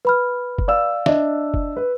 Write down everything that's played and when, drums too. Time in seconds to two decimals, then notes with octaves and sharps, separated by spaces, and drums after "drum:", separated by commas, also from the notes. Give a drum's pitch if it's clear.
0.05 B4 B5 F6
0.58 drum: kick F#1
0.68 D5 F5 E6
1.06 D4 D#5 E5, drum: snare
1.54 drum: kick F#1
1.77 B4